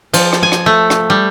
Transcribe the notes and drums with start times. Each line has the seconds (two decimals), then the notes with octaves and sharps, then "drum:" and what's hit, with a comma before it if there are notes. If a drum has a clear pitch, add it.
0.13 F3, drum: cymbal
0.33 drum: rim click
0.43 G#5
0.52 drum: rim click
0.66 A3
0.90 drum: rim click
1.10 G3